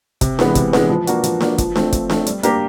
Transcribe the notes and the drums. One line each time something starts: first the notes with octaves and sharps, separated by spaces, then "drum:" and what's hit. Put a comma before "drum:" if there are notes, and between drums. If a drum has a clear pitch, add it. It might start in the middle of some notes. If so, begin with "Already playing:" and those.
C3, drum: kick, hi-hat
E3 G#3 B3, drum: snare D4
C3, drum: kick, hi-hat
E3 G#3 B3, drum: snare D4
F3
A#3 D4 F#4, drum: hi-hat
F3, drum: hi-hat
A#3 D4 F#4, drum: snare D4
F3, drum: kick, hi-hat
A3 C4, drum: snare D4
F3, drum: kick, hi-hat
A3 C4, drum: snare D4
G3, drum: hi-hat
A#3 D4 G4 A#4, drum: hi-hat